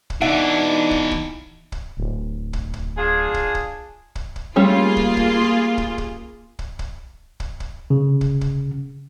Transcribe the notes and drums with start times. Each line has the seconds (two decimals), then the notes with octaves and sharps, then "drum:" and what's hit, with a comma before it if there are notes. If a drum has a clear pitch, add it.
0.10 drum: kick
0.22 B2 E3 D4 D#4 E5 F#5
0.91 drum: kick
1.11 drum: kick
1.72 drum: kick
1.97 D1
2.53 drum: kick
2.74 drum: kick
2.98 D4 F4 G#4
3.34 drum: kick
3.55 drum: kick
4.15 drum: kick
4.36 drum: kick
4.56 G3 A3 A#3 C#4 F4 G#4
4.97 drum: kick
5.17 drum: kick
5.78 drum: kick
5.98 drum: kick
6.59 drum: kick
6.79 drum: kick
7.40 drum: kick
7.60 drum: kick
7.90 C#3
8.21 drum: kick
8.41 drum: kick